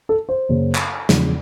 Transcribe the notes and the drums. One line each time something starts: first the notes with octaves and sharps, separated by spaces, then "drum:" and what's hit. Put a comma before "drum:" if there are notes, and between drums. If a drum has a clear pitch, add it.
A4
C5
F#2 C#3 F#3 A#3
drum: clap
E2 C#3 F3 G#3, drum: snare